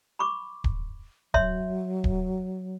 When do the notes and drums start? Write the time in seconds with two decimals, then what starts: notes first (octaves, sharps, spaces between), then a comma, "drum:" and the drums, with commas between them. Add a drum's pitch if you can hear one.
0.19 B5 C#6 D6
0.64 drum: kick D1
1.34 F#3 C#5 E5 C6, drum: kick D1
2.04 drum: kick D1